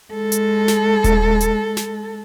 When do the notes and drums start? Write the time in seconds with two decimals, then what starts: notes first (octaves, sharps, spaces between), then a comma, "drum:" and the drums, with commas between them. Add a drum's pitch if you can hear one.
0.14 G#3 A4
0.32 drum: hi-hat
0.68 drum: snare
1.04 drum: kick D#1, hi-hat
1.40 drum: hi-hat
1.77 drum: snare